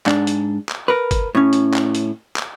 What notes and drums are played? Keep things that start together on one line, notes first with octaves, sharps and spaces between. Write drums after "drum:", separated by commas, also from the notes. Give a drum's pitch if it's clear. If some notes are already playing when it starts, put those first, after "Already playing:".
G#2 D4, drum: clap
drum: hi-hat
drum: clap
A#4 B4
drum: kick, hi-hat
A2 C#4
drum: hi-hat
drum: clap
drum: hi-hat
drum: clap